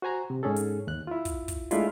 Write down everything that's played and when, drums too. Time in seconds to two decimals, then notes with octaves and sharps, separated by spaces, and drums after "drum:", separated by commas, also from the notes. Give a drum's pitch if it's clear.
0.02 F#4 C5 G#5 A#5
0.30 C3
0.43 G#2 C#4 G#4 A4
0.56 drum: hi-hat
0.87 D#2 F#6
1.07 E4 F4
1.25 drum: kick, hi-hat
1.48 drum: kick, hi-hat
1.71 G#3 A3 D4 E4 F4, drum: hi-hat